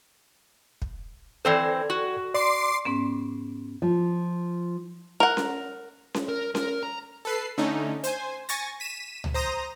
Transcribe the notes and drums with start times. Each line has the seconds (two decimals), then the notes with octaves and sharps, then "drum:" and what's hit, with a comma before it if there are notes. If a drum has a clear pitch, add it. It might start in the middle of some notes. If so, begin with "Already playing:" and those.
0.82 drum: kick
1.45 E3 C4 A4 C5 D5 G#6
1.90 F#4
2.34 D5 C6 D6 C7
2.85 G#2 B3 C#4
3.82 F3
5.20 A#4 F#5
5.37 drum: snare C#4
6.14 drum: snare C#4
6.29 A#4
6.55 A#4, drum: snare C#4
6.83 A#5
7.25 A4 B4 C7
7.58 D3 A3 C#4 D#4
8.04 C5 G#5, drum: hi-hat
8.49 G#5 C#6 A6 A#6, drum: hi-hat
8.80 B6 D#7 E7
9.24 drum: tom C#2
9.34 C5 A#5 D#6 A#6